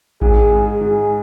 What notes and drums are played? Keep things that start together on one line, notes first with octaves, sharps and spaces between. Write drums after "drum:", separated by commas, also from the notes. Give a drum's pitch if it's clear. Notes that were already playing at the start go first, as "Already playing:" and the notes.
G#2 G#4, drum: kick A1
G#2
G#4
G#2